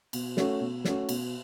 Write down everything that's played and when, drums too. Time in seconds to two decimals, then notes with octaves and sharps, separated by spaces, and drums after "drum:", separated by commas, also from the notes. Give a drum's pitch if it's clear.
0.13 B2, drum: cymbal
0.37 A3 C#4 F#4, drum: snare
0.60 B2
0.85 A3 C#4 F#4, drum: snare
1.09 B2, drum: cymbal